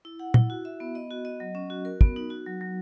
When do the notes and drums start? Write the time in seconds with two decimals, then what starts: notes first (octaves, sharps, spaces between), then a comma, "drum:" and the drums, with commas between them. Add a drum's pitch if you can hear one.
0.05 E4
0.19 F#5
0.34 E4, drum: tom A#2
0.50 F#4
0.65 E5
0.80 B3
0.95 D#5
1.11 F#4
1.25 D#5
1.40 F#3
1.55 C#4
1.70 F#4
1.85 A#4
2.01 B3, drum: kick
2.16 D#4
2.30 F#4
2.46 F#3
2.61 F#3